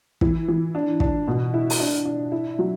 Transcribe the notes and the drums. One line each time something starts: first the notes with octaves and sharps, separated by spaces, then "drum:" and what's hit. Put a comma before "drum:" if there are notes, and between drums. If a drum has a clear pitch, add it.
E3, drum: kick
E3
D4
D4, drum: kick
B2
E4
drum: open hi-hat
D4
D4
E4
F#3